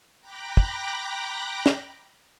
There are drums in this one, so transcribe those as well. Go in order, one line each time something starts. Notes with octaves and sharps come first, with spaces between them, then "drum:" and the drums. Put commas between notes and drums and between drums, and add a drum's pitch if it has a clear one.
G5 A#5 B5 D6 F#6 A#6
drum: kick
drum: snare